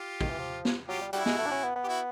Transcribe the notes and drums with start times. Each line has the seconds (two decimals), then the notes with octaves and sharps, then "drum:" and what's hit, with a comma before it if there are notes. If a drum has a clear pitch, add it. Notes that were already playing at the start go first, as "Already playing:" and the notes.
Already playing: F4 G4
0.21 D#3, drum: kick
0.30 E3
0.39 F3
0.65 drum: snare
0.88 F#3 F4 G4
1.01 G3
1.13 G3 E4 F#4, drum: hi-hat
1.26 G#3, drum: snare
1.38 A3
1.46 D4
1.51 C#4
1.63 B3
1.76 B3
1.84 G4
1.88 E4 F#4